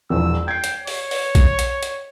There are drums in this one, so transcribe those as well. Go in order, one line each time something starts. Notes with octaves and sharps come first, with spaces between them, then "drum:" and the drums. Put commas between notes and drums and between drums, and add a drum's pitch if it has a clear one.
E1 A#1 E2 E6
G5 G#6 C7
drum: hi-hat
C#5, drum: open hi-hat
drum: open hi-hat
drum: kick A#1, hi-hat
drum: hi-hat
drum: hi-hat